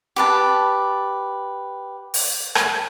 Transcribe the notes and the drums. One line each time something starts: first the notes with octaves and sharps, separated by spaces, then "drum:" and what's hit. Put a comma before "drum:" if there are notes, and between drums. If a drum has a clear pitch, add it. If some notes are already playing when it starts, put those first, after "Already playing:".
G4 B4 A5
drum: open hi-hat
drum: rim click